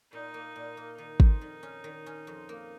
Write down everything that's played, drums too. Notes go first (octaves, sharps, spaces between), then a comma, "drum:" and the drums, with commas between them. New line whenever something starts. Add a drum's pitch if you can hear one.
A#2 D#4
A#3
A#2
A#3
D#3 D#4
F2, drum: kick G#1
D#3
C#4
D#3
C#4
F2
A#3